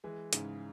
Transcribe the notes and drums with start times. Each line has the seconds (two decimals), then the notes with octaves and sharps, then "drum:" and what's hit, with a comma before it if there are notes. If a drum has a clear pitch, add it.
0.04 E3 G#3
0.33 G#2 C#3, drum: hi-hat